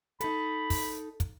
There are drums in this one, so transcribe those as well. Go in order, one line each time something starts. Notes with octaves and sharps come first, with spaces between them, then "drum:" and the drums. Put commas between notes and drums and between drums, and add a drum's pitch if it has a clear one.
D#4 A4 B5, drum: hi-hat
drum: kick, open hi-hat
drum: kick, hi-hat